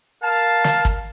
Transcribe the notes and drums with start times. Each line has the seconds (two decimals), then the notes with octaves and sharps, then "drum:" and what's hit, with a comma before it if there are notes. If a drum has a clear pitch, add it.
0.23 A#4 F5 A5
0.64 drum: snare
0.85 drum: kick